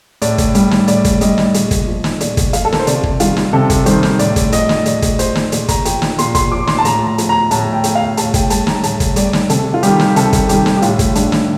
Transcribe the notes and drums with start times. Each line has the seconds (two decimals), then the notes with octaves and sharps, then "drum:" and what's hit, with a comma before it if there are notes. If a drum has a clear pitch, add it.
0.22 A2 D5, drum: hi-hat
0.38 drum: kick, hi-hat
0.55 G3, drum: hi-hat
0.71 drum: snare
0.88 A2 D5, drum: hi-hat
1.05 drum: kick, hi-hat
1.21 G3 D#5, drum: hi-hat
1.38 drum: snare
1.54 A#2, drum: hi-hat
1.71 drum: kick, hi-hat
1.88 F3
2.04 drum: snare
2.21 A#2 D5, drum: hi-hat
2.37 drum: kick, hi-hat
2.53 F3 F5, drum: hi-hat
2.65 A4
2.73 A#4, drum: snare
2.79 C5
2.87 C3 D5, drum: hi-hat
3.03 drum: kick
3.20 D#3 G3 F4, drum: hi-hat
3.37 drum: snare
3.53 C3 A4
3.70 drum: kick, hi-hat
3.86 D#3 G3 C5, drum: hi-hat
4.03 drum: snare
4.19 A2 D5, drum: hi-hat
4.36 drum: kick, hi-hat
4.52 F3 D#5, drum: hi-hat
4.69 drum: snare
4.86 A2 D5, drum: hi-hat
5.02 drum: kick, hi-hat
5.19 F3 C5, drum: hi-hat
5.35 drum: snare
5.52 A#2 D5, drum: hi-hat
5.68 A#5, drum: kick, hi-hat
5.85 F3 G5, drum: hi-hat
6.02 drum: snare
6.19 A#2 C6, drum: hi-hat
6.35 C6, drum: kick, hi-hat
6.52 F3 D6
6.67 C6, drum: snare
6.79 A5
6.85 A2 A#5, drum: hi-hat
7.07 A#5
7.18 F3, drum: hi-hat
7.29 A#5
7.51 A2 A5, drum: hi-hat
7.73 G5
7.84 F3, drum: hi-hat
7.95 F5
8.17 A2 A5, drum: hi-hat
8.34 G5, drum: kick, hi-hat
8.50 G3 A5, drum: hi-hat
8.67 A#5, drum: snare
8.83 A2 A5, drum: hi-hat
9.00 drum: kick, hi-hat
9.16 G3 D5, drum: hi-hat
9.33 drum: snare
9.50 C3 A4, drum: hi-hat
9.74 F4
9.83 D#3 G3 G4, drum: hi-hat
10.00 drum: snare
10.16 C3 A4, drum: hi-hat
10.33 drum: kick, hi-hat
10.49 D#3 G3 G4, drum: hi-hat
10.66 drum: snare
10.77 G4
10.82 A2 F4, drum: hi-hat
10.99 drum: kick, hi-hat
11.15 G3 D4, drum: hi-hat
11.32 drum: snare